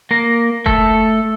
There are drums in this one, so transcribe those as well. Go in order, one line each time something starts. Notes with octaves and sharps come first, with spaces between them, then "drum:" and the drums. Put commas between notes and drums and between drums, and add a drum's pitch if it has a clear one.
A#3 A#4
A3 A4, drum: kick F1